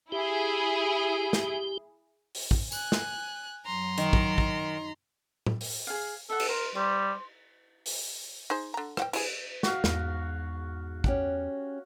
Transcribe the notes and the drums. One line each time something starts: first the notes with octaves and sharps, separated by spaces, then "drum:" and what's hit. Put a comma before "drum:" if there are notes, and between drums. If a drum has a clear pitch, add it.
E4 G4 G#4
drum: snare
drum: open hi-hat
drum: kick
G#5 F#6, drum: tambourine
drum: snare
F#2 F#3 A#5 C6
D#3, drum: hi-hat
drum: kick
drum: kick
drum: tom A2
drum: open hi-hat
G#4 F5
A4 E5 F#5
drum: cymbal
A#4 C6
G3 C5
drum: open hi-hat
D#4 G#4 C5
D3 A#5
C5 F#5 G5, drum: rim click
E4 G#4, drum: cymbal
F#4 F5, drum: snare
E2 G#2, drum: snare
C#4 G4 F#5, drum: kick